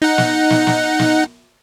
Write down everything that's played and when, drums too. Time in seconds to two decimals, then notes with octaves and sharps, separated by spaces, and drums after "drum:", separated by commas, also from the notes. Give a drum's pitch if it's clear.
0.02 D#4 F#5
0.18 drum: snare
0.50 drum: snare
0.67 drum: snare
0.99 drum: snare